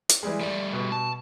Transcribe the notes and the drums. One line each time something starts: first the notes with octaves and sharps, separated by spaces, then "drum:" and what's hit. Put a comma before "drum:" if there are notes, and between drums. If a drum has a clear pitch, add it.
drum: hi-hat
E3 G3 G#3
G3 A3 D5
B2
A5